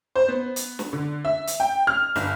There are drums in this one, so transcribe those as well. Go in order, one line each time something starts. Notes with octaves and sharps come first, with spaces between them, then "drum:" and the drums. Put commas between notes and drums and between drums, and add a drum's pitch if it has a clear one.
C5
B3
drum: hi-hat
drum: snare
D3
E5
drum: hi-hat
G5
F6
G1, drum: snare